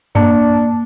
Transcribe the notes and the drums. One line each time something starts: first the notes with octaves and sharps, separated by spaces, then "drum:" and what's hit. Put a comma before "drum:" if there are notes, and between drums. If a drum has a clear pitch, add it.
A#3 D4, drum: tom F#2